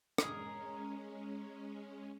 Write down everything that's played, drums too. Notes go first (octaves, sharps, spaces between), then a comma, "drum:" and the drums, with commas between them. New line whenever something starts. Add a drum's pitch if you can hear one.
G#3 C#4 G#4 A#4, drum: rim click